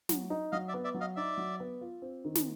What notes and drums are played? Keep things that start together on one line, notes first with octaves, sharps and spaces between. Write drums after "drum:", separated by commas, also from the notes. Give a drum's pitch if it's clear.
F#3, drum: snare
D#4
F#3 D#5 F5
D5 E5
B3
D5 E5
F#3
D#5 F5
D#4 D5 E5
F#3
B3
F4
C4
D#3
drum: snare